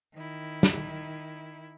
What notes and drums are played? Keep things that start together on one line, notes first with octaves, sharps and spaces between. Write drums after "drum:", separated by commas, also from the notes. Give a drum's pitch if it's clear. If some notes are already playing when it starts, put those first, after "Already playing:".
D#3 E4
drum: snare